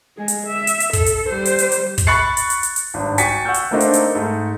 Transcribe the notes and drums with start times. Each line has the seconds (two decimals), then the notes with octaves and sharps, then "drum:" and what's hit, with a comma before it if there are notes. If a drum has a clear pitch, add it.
0.17 G#3 G#4
0.28 drum: hi-hat
0.47 E5
0.67 drum: hi-hat
0.80 drum: hi-hat
0.93 A4, drum: kick, hi-hat
1.06 drum: hi-hat
1.29 G3 C5
1.45 drum: hi-hat
1.59 drum: hi-hat
1.72 drum: hi-hat
1.98 drum: kick, hi-hat
2.07 B5 C#6 F#6 A6 C#7
2.37 drum: hi-hat
2.50 drum: hi-hat
2.63 drum: hi-hat
2.76 drum: hi-hat
2.94 G#1 G2
3.18 F#4 G5 G#5 A6 B6 C#7, drum: hi-hat
3.45 F#5 C#6 E6 F6 G6
3.54 drum: hi-hat
3.71 A3 A#3 C4 D4 D#4
3.80 drum: hi-hat
3.93 drum: hi-hat
4.15 G#2 A3